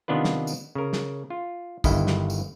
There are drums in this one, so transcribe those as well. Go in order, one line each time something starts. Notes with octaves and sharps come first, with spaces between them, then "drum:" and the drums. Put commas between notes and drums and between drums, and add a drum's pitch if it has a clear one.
C3 D#3 B3 D4 F4 B4
drum: snare
drum: tambourine
C#3 A#4
drum: snare
F4
G1 G2 D#3 E4 D#5, drum: kick, tambourine
drum: snare
drum: tambourine